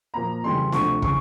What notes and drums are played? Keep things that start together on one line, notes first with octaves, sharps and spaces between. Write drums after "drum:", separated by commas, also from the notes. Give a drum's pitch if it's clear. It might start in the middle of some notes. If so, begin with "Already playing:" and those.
A#2 F3 A#3 A#5
F2 C#3 E3 G3 C6
D2 C3 F3 C#6, drum: snare
C#3 E3 C#6, drum: kick